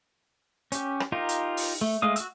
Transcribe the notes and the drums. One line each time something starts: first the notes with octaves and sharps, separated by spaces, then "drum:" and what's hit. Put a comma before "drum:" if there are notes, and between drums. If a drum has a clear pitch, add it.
C#4 G4, drum: hi-hat
drum: rim click
D#4 F4 G4 A#4
drum: hi-hat
drum: open hi-hat
A3
G#3 A3 F5 D#6
F#4 E6, drum: hi-hat